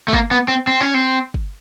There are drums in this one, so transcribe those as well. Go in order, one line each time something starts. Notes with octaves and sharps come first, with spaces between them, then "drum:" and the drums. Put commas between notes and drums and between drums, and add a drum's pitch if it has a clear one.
A3
A#3, drum: kick
B3
C4
C4
C#4
C4
drum: kick